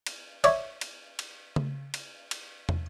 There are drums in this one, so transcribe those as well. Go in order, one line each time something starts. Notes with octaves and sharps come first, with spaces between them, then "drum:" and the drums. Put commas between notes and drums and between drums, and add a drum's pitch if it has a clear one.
drum: cymbal
C#5 D5 E5, drum: cymbal
drum: cymbal
drum: cymbal
drum: tom C#3
drum: cymbal
drum: cymbal
drum: tom